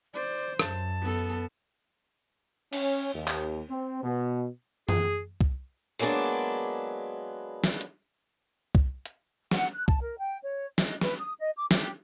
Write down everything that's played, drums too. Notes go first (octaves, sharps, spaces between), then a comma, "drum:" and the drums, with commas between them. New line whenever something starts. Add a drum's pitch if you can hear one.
C5 D5
F#2 A5, drum: rim click
B3 A4
C#4, drum: cymbal
D#2
drum: clap
C4
B2
G#4, drum: tom F#2
drum: kick C2
F#3 G#3 A#3 B3 D4 D5
drum: snare
drum: hi-hat
drum: kick C2
drum: hi-hat
F#5, drum: snare
F#6
A5, drum: kick C2
A#4
G5
C#5
D#5, drum: snare
B4, drum: snare
D#6
D#5
D6
G4, drum: snare